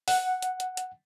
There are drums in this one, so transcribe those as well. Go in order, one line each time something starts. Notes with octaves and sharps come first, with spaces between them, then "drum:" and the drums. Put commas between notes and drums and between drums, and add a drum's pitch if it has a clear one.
F#5, drum: open hi-hat
drum: hi-hat
drum: hi-hat
drum: hi-hat